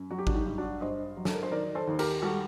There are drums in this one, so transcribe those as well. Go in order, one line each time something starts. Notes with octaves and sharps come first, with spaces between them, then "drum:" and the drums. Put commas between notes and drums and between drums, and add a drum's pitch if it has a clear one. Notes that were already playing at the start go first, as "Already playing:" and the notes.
Already playing: F#2
F#3 F#4
G4
D4 F#4, drum: kick G#1
D#4 G4
G2
D4 F#4
G2 C5 D#5
F#3
A4, drum: snare
A#4
C5
D#3 A#4 D5
A4 C5
D#2
G4 A#4, drum: cymbal
G3 F#4 A4